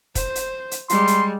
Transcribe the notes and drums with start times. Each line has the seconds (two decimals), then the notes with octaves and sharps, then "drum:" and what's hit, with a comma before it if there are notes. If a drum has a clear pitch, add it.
0.15 C5, drum: kick, hi-hat
0.35 drum: hi-hat
0.71 drum: hi-hat
0.89 G3 G#3 C6, drum: hi-hat
1.07 drum: hi-hat